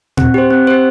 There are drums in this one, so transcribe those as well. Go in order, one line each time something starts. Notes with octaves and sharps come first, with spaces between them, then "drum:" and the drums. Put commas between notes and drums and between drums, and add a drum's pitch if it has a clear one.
C4, drum: tom
G4 C5
C4
G4 C5